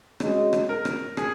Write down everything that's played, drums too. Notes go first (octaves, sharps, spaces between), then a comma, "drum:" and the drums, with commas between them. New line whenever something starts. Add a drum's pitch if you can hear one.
G#3 C#4 F#4 D#5, drum: rim click
drum: rim click
A#4
drum: rim click
G#4, drum: rim click